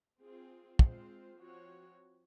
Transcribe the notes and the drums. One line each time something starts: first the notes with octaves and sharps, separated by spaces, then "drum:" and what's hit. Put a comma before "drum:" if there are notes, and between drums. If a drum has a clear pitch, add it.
C4 F4 G#4
G#3 C4 F4 C5, drum: kick
F3 C4 F#4 C#5